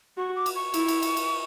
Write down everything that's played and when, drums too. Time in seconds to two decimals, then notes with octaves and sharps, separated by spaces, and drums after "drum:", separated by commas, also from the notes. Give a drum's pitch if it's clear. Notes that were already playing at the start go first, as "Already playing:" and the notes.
0.17 F#4 C#6
0.36 D6
0.46 drum: cymbal
0.56 C#6
0.74 E4, drum: cymbal
0.88 drum: cymbal
1.03 drum: cymbal
1.17 drum: cymbal